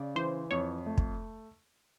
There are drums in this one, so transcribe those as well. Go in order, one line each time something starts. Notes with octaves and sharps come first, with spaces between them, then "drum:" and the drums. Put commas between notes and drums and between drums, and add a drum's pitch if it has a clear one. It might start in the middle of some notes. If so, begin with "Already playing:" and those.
Already playing: C#3 D5
E3 C5
F2 C#5
A3
drum: kick